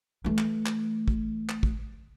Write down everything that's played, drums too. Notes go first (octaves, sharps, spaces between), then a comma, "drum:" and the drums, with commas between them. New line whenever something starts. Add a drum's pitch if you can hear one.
E3 A3
drum: clap
drum: clap
drum: kick
drum: clap
drum: kick